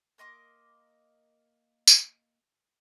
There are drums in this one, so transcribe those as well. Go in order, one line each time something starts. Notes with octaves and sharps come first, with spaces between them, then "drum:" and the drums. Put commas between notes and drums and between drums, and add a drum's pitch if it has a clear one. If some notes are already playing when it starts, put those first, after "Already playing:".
A#3 D#5 C6 D6
drum: tambourine